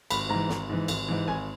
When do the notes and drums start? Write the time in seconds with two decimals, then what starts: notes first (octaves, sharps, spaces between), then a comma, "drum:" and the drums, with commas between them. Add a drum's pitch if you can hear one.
0.11 G#1 B5, drum: cymbal
0.29 G#2 E3 A#5
0.49 G#1, drum: snare
0.69 G#2 E3
0.88 G#1, drum: cymbal
1.08 G#2 E3
1.27 G#1 G#5